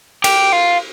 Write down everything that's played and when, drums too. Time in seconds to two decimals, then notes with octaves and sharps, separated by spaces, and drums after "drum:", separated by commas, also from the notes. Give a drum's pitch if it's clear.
0.24 G4, drum: cymbal
0.52 F4